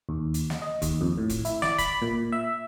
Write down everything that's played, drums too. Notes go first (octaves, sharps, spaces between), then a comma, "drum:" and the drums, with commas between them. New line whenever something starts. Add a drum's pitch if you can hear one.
D#2
drum: hi-hat
drum: snare
D#5
D#2, drum: kick E1, hi-hat
F2
A2
drum: kick E1, hi-hat
E4, drum: hi-hat
D5, drum: snare
B5, drum: kick E1, hi-hat
A#2
E5